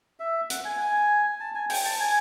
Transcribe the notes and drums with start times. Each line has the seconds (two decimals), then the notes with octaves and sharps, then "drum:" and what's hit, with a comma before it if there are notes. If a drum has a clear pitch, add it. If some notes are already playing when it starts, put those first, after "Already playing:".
0.20 E5
0.50 F#5, drum: hi-hat
0.65 G#5
0.80 G#5
1.40 A5
1.55 G#5
1.70 G5, drum: open hi-hat
1.85 A5
2.00 G#5